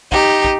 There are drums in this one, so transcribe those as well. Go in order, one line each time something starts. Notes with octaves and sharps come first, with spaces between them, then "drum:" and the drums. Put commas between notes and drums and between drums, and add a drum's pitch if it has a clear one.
D#4 G4, drum: kick
drum: kick